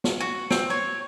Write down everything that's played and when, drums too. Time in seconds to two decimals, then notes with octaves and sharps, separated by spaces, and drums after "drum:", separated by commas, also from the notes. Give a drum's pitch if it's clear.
0.04 drum: snare
0.21 F#4
0.51 C4, drum: snare
0.70 C#5